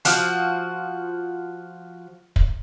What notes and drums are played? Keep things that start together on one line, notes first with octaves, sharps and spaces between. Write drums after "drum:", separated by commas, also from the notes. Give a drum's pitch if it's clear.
F3 F#4, drum: hi-hat
drum: kick